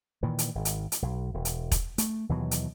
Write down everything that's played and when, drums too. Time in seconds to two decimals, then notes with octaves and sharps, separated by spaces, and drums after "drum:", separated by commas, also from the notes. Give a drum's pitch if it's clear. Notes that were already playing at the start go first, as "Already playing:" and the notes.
0.23 A#2 D#3 E3
0.39 drum: hi-hat
0.55 G#1
0.65 drum: hi-hat
0.92 drum: hi-hat
1.02 B1
1.34 E1
1.45 drum: hi-hat
1.72 drum: kick E1, hi-hat
1.98 A3, drum: hi-hat
2.29 D#2 B2 E3 F#3
2.51 drum: hi-hat